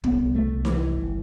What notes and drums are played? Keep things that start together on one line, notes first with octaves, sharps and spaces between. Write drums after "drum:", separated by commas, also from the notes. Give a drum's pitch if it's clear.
C2 B3, drum: kick
A3
C2
E3, drum: snare D#4
G1